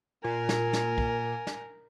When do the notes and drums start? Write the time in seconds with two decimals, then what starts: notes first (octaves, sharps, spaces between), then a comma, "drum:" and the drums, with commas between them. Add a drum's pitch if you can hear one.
0.24 A#2 A#4 G#5
0.49 drum: snare
0.73 drum: snare
0.98 drum: kick
1.47 drum: snare